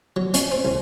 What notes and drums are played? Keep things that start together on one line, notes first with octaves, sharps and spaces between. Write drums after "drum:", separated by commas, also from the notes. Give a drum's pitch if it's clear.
F#3
C#4, drum: hi-hat
C4
C2